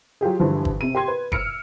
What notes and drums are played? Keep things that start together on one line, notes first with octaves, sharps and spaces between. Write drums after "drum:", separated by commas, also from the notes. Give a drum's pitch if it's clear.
F#3 F4 G4 G#4
G2 D3 E3 F3
drum: kick
C3 D#7
G4 C6 G#6
B4
E6 F6 C#7 D7, drum: kick